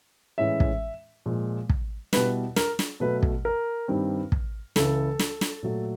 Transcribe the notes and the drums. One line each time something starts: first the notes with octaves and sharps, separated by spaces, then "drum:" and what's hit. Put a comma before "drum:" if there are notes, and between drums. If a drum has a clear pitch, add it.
A2 E3 G#3 C#4 E5
drum: kick
A#2 F3 G#3
drum: kick
B2 G3 B3 E4 B4, drum: snare
A#4, drum: snare
drum: snare
B2 F#3 A3 B4
drum: kick
A#4
G2 D#3 G3 C4
drum: kick
C#2 C#3 E3 A4, drum: snare
drum: snare
drum: snare
A#2 F#3 A3